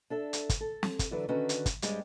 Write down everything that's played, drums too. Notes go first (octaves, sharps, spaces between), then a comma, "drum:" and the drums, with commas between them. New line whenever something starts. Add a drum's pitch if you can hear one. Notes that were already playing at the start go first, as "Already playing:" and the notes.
D4 A4 E5
drum: hi-hat
drum: kick, hi-hat
A4
drum: snare
drum: kick, hi-hat
D3 E3 F#3 D4 B4
D3 D#3 C#4 F#4 B4 A#5
drum: hi-hat
drum: kick, hi-hat
G2 G3 G#3 C4 G4, drum: hi-hat